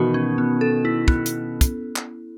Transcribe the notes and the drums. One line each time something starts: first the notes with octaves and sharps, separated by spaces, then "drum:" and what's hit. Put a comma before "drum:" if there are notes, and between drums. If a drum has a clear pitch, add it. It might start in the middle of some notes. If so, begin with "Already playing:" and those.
Already playing: B2 D#3 E3 F#4
C#4
B3
A4
E4
B3, drum: kick
drum: hi-hat
drum: kick, hi-hat
drum: clap